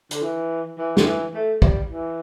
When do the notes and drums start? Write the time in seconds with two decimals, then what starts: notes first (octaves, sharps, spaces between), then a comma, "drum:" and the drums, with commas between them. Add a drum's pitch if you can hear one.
0.11 D3, drum: hi-hat
0.22 E3
0.78 E3
0.97 D3, drum: snare
1.06 E3
1.34 A3
1.62 G3, drum: kick
1.89 E3